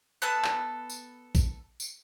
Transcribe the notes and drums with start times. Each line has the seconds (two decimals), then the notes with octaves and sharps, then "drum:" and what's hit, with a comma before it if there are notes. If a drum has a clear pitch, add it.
0.22 B3 A4 A5 F#6
0.44 drum: clap
0.90 drum: tambourine
1.35 drum: kick, tambourine
1.80 drum: tambourine